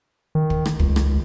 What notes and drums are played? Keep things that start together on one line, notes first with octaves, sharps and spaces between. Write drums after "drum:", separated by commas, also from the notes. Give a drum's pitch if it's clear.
D#3
drum: kick
drum: rim click
C#2, drum: kick
drum: rim click